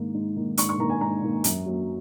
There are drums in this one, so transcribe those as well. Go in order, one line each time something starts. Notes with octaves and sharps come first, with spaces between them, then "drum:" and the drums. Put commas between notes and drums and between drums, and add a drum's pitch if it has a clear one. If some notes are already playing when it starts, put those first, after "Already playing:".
Already playing: G#2 D#3 A#3
G#2
D#3 A#3
G#2 C#6, drum: hi-hat
C#6
D#3 A#3 A#5
G#5
G#2 A#5
D#3 A#3
F#2, drum: hi-hat
F#3 A#3